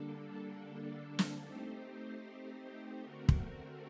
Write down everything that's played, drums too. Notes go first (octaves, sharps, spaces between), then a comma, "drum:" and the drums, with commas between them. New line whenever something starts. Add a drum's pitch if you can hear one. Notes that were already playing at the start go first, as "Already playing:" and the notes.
Already playing: D3 G3 A#3 D4 A4
drum: snare
A3 C4 D#4 G4 C5
D3 A3 C4 F#4 A#4
drum: kick